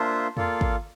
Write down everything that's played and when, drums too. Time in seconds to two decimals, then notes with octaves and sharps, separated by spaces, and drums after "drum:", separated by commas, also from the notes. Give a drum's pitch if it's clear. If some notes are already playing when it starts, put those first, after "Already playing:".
Already playing: A#3 D4 F4 C5 E5 A5 C6
0.37 A#3 F4 A4 D5 F5, drum: tom E2
0.61 drum: kick